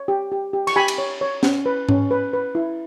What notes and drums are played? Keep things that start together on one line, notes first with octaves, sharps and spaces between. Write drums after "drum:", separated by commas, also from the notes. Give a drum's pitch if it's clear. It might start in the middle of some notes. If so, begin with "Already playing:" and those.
Already playing: C#5
G4
G4
G4
C#6, drum: cymbal
G4 G#5 B5
drum: cymbal
C#5
C#5
C#4, drum: snare
B4
C#4, drum: tom G#2
B4
B4
E4